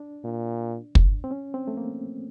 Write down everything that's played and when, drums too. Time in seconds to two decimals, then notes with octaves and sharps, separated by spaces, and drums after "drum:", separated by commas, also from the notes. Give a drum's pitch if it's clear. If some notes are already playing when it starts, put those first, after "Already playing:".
Already playing: D4
0.24 A#2
0.95 drum: kick
1.24 C4
1.31 C#4
1.54 C4
1.68 A3
1.77 A#3